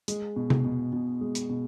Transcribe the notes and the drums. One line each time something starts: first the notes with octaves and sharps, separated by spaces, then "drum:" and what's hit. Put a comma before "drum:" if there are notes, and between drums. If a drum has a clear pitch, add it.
G#3, drum: hi-hat
B2
drum: tom C3
B2
B2
G#3
drum: hi-hat
B2